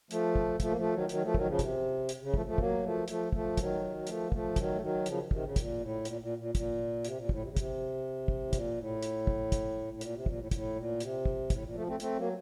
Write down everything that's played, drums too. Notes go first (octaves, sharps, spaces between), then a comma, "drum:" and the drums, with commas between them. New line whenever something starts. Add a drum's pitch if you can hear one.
F3 A3, drum: hi-hat
drum: kick
F3 A3, drum: kick, hi-hat
A#3
F3 A3
D#3 F#3
D#3 F#3, drum: hi-hat
F3 A3
D#3 F#3, drum: kick
C#3 F3
C3, drum: kick, hi-hat
drum: hi-hat
C#3
F3 A3, drum: kick
F3 A3
F#3 A#3, drum: kick
F3 A3
F3 A3, drum: hi-hat
F3 A3, drum: kick
D#3 F#3, drum: kick, hi-hat
F#3
F3 A3, drum: hi-hat
A#3
F3 A3, drum: kick
D#3 F#3, drum: kick, hi-hat
A3
D#3 F#3
C#3 F3, drum: hi-hat
C3 D#3, drum: kick
C#3
A#2, drum: kick, hi-hat
A2
A#2, drum: hi-hat
A#2
A#2
A#2, drum: kick, hi-hat
C3, drum: hi-hat
A#2
A2, drum: kick
C3
C#3
C3, drum: kick, hi-hat
drum: kick
A2
A#2, drum: kick, hi-hat
A2
drum: hi-hat
drum: kick
drum: kick, hi-hat
A2
A#2, drum: hi-hat
C3
A#2, drum: kick
A2
A2, drum: kick, hi-hat
A#2
C3, drum: hi-hat
drum: kick
A2, drum: kick, hi-hat
A#2
F3 A3
A3 C4
A3 C4, drum: hi-hat
F#3 A#3